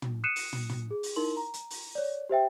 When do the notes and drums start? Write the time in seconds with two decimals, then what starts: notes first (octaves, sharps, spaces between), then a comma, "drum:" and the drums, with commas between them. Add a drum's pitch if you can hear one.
0.02 drum: tom
0.24 D#6 F#6 C7 C#7 D#7 E7
0.36 drum: open hi-hat
0.53 drum: tom
0.69 drum: tom
0.91 G#4
1.03 drum: open hi-hat
1.16 D#4 E4 A#4 C6 F#7
1.37 A#5
1.54 drum: hi-hat
1.70 drum: open hi-hat
1.95 C#5 D5
2.29 G4 C5 E5 G5